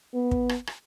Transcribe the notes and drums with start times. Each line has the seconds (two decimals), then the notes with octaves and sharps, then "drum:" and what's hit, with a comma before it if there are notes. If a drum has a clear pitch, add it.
0.14 B3
0.31 drum: kick
0.49 drum: rim click
0.67 drum: rim click